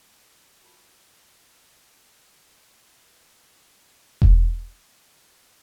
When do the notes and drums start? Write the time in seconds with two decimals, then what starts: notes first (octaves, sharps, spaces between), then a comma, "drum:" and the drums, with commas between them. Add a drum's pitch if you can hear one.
0.63 F4 F#4 A#4 G#5 A5 B5
3.05 B4 E5 D6 G6 G#6
4.22 drum: kick E1